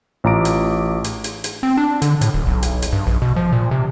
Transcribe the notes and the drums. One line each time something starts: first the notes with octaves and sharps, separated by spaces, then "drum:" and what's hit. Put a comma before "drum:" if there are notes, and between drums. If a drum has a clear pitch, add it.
A1 F4 A#5 D6 D7
drum: hi-hat
drum: hi-hat
drum: hi-hat
drum: hi-hat
C4
D4
D3, drum: hi-hat
A2, drum: hi-hat
D1
B1
drum: hi-hat
drum: hi-hat
G2
A#1
B2
F3
A#2
C3